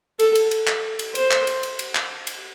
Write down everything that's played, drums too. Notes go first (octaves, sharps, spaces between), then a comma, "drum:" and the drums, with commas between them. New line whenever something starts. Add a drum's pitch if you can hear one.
A4, drum: cymbal
drum: cymbal
drum: cymbal
drum: clap
drum: cymbal
C5, drum: cymbal
drum: clap
drum: cymbal
drum: cymbal
drum: cymbal
drum: clap
drum: cymbal